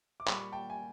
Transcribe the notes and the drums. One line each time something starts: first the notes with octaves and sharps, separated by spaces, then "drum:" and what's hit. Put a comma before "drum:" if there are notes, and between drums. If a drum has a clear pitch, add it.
D6
A#2 G3 A#3 B5 C#6, drum: clap
G5 A5
G#5